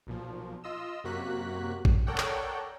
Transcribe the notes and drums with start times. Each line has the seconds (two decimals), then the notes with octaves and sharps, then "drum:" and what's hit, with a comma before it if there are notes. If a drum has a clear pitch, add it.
0.07 B1 A#2 F3
0.64 F4 D#5 E6
1.04 F#2 C3 A#3 F#4 F#6 B6
1.85 drum: kick
2.07 A4 A#4 C#5 D5 F#5 G5
2.18 drum: clap